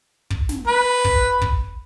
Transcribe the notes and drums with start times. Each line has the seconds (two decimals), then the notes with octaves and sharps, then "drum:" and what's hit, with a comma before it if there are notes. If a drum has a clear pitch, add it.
0.30 drum: kick
0.49 drum: snare
0.67 B4
1.04 drum: kick
1.42 drum: kick